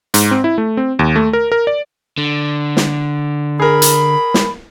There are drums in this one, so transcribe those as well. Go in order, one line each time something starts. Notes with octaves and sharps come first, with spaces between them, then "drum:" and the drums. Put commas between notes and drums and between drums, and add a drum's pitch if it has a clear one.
G#2, drum: hi-hat
C4
E4
A3
C4
D#2
A3
A#4
A#4
D5
D3
drum: snare
G#4 A#4 B5
drum: hi-hat
drum: snare